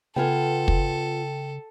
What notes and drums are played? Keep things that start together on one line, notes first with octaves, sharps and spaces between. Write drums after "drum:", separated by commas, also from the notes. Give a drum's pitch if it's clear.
C#3 B3 F4 A4 G5 G#5
drum: kick